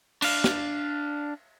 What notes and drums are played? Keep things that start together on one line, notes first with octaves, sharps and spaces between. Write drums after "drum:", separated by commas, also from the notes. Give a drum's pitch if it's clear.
D4 F5, drum: cymbal
drum: snare